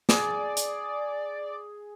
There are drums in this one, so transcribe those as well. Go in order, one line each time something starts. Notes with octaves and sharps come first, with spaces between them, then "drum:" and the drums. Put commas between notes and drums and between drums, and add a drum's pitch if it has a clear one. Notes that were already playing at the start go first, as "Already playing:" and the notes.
G#4 D5, drum: snare
drum: hi-hat